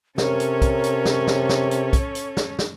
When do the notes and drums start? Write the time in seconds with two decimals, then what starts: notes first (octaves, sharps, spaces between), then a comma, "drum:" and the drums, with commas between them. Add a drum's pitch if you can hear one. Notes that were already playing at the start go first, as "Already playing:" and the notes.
0.18 C3 C#4 A4 A#4 C#5, drum: snare
0.40 drum: hi-hat
0.62 drum: kick, hi-hat
0.84 drum: hi-hat
1.05 drum: snare
1.27 drum: snare
1.49 drum: snare
1.71 drum: hi-hat
1.93 drum: kick, hi-hat
2.15 drum: hi-hat
2.37 drum: snare
2.59 drum: snare